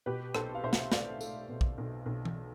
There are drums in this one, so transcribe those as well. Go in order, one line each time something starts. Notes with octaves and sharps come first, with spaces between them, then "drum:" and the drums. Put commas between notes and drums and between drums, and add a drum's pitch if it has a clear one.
B2 G4 B4
B1 A4 C5, drum: rim click
F5
B1 C5 E5
drum: snare
A3 D5 F5, drum: snare
A3, drum: tambourine
B2
drum: kick
B1
B1
drum: tom E3